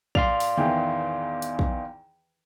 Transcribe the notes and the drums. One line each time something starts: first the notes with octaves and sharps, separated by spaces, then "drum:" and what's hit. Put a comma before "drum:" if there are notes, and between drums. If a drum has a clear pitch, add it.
D5 F5 C6 F7, drum: kick
drum: open hi-hat
E2 D#3 E3
drum: hi-hat
drum: kick